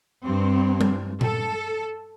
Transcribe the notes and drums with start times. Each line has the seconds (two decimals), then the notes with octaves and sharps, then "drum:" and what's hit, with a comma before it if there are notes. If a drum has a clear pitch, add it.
0.24 G2 C4
0.81 drum: tom G3
1.21 A4, drum: tom A#2